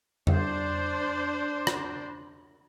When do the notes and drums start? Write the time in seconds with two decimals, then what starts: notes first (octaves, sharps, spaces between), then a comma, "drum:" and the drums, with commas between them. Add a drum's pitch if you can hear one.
0.27 D4 C5, drum: tom F2
1.67 drum: rim click